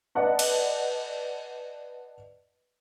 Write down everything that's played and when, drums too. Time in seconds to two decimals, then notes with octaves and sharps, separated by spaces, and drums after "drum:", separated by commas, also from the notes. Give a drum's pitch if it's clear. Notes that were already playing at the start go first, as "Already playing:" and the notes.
0.15 B4 D5 D#5 F#5 A5
0.39 drum: cymbal